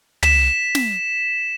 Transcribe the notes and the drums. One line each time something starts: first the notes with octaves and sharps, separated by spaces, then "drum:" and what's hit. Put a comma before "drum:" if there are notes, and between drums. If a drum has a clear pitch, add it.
B6 E7, drum: tom
drum: snare